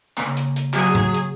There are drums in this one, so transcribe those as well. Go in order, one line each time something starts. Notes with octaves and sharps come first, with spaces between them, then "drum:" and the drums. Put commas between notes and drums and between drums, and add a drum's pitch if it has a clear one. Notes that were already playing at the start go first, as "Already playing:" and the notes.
C#3 A#3, drum: clap
drum: hi-hat
drum: hi-hat
F#3 G#4, drum: clap
drum: tom G#2
drum: hi-hat